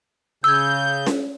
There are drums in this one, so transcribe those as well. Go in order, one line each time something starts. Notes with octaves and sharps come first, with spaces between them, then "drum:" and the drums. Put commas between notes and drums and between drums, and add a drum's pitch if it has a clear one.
C#3 E6 G6 G#6
drum: snare C#4